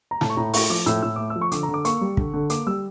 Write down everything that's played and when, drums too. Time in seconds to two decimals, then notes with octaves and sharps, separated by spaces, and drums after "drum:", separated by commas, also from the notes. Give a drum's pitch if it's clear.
0.11 A#5
0.21 A2 A5, drum: snare
0.30 C#6
0.37 A2 A#5
0.53 A3 C#6, drum: open hi-hat
0.70 F3 D6
0.86 A2 E6, drum: hi-hat
1.02 A2 E6
1.16 A3 D6
1.30 E6
1.36 F3
1.41 C#6
1.52 D3 D6, drum: hi-hat
1.63 A#5
1.68 D3
1.74 D6
1.85 A#3 C#6, drum: hi-hat
2.01 G3
2.17 D3, drum: kick
2.34 D3
2.50 A#3 D6, drum: hi-hat
2.67 G3 E6